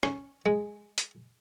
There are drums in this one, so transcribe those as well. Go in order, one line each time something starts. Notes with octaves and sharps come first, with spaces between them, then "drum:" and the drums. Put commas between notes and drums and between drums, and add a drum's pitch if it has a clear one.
C#4, drum: rim click
G#3
drum: hi-hat